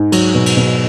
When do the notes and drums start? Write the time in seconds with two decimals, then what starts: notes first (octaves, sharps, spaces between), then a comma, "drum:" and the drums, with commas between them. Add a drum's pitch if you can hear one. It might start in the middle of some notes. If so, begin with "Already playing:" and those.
Already playing: G#2
0.12 F#3, drum: cymbal
0.35 B2
0.46 drum: cymbal
0.57 B2